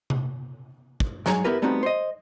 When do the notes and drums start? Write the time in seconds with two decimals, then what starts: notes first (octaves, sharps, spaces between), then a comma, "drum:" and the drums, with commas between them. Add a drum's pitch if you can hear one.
0.10 drum: tom C3
1.00 drum: kick
1.26 G#2 F#3 G#3 C#5 G#5 A#5, drum: snare
1.44 B3 E4 G4 A#4 B4
1.62 G3 A3 B3 C4 D#4 F#4
1.83 C5 D#5